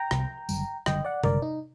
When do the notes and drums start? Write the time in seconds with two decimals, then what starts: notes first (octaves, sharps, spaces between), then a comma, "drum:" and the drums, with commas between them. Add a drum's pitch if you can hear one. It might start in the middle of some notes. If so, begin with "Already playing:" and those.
Already playing: G5 A#5
0.11 C2 C3 G3, drum: rim click
0.49 F#1 F#2 D3 G3, drum: tambourine
0.86 F#1 F#2 D3 G3 D#5 G5, drum: rim click
1.05 D5 F#5
1.23 F#1 F#2 D3 G3 A#4 D5, drum: tom C3
1.42 D#4